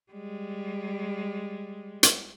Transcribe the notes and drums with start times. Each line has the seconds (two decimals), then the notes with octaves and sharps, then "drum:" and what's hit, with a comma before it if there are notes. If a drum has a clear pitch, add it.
0.11 G3 G#3
2.03 drum: hi-hat